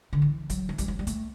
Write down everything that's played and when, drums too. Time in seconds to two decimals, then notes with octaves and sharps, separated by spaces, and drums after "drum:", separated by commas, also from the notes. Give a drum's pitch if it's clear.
0.13 D3
0.22 E3
0.50 F#3, drum: kick, hi-hat
0.69 E3
0.78 G3, drum: kick, hi-hat
0.88 F#3
0.99 G3
1.07 A3, drum: hi-hat